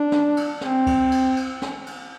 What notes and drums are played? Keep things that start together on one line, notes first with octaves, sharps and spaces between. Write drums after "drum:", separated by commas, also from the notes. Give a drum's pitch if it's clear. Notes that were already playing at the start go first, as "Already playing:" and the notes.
Already playing: D4
drum: snare
drum: cymbal
C4, drum: snare
drum: kick C2, cymbal
drum: cymbal
drum: cymbal
drum: snare
drum: cymbal